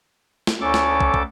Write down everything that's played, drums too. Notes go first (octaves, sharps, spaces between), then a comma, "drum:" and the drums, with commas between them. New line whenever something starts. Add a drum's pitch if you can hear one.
drum: snare
D2 C#4 A4 D6
drum: snare
drum: kick
drum: kick